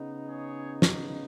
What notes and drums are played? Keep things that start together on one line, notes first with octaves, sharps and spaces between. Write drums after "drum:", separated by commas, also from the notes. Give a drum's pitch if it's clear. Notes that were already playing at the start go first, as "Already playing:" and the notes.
Already playing: C#3 B3 D#4
G#4 C#5
drum: snare